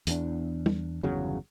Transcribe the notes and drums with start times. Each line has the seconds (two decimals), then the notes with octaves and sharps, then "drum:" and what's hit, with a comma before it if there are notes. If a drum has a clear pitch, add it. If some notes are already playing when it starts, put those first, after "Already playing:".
0.07 E2 D4, drum: hi-hat
0.66 drum: tom
1.03 G1 E2 C#3 F#3